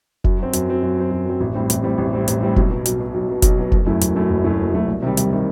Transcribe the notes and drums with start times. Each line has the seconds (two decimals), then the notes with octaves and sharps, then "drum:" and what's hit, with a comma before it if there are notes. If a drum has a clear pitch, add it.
0.24 F#2, drum: kick F1
0.39 F#3 C4
0.53 F#2, drum: hi-hat
0.68 F#3 C4
0.83 F#2
0.97 F#3 C4
1.11 F#2
1.26 F#3 C4
1.40 A1
1.55 A2 G3 C4
1.70 A1, drum: hi-hat
1.83 A2 G3 C4
1.97 A1
2.13 A2 G3 C4
2.28 A1, drum: hi-hat
2.41 A2 G3 C4
2.56 B1, drum: kick F1
2.70 B2 F#3
2.86 B1, drum: hi-hat
2.99 B2 F#3
3.14 B1
3.28 B2 F#3
3.42 B1, drum: kick F1, hi-hat
3.57 B2 F#3
3.72 F#1, drum: kick F1
3.86 F#2 F#3 A3 E4
4.01 F#1, drum: hi-hat
4.15 F#2 F#3 A3 E4
4.30 F#1
4.44 F#2 F#3 A3 E4
4.58 F#1
4.74 F#2 F#3 A3 E4
4.87 C2
5.02 C3 D#3 G3
5.17 C2, drum: hi-hat
5.31 C3 D#3 G3